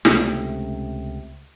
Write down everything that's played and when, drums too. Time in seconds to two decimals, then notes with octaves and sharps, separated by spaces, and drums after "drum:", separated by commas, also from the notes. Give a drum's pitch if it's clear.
0.05 C#2 C3 A3, drum: snare